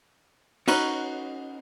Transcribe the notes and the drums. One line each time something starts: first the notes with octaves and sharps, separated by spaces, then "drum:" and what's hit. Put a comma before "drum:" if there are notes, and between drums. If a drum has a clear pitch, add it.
C#4 D#4 F#4 B4 C#5, drum: cymbal